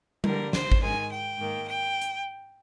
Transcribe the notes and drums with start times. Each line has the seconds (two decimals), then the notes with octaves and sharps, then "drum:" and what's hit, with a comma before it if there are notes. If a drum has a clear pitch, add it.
0.24 D3 G3 A#3 A#4, drum: tom G3
0.53 C5, drum: snare
0.72 drum: kick
0.81 G#2 D#3 G#3 G#5
1.10 G5
1.37 G#2 D#3 A#3
1.66 G5
2.02 drum: hi-hat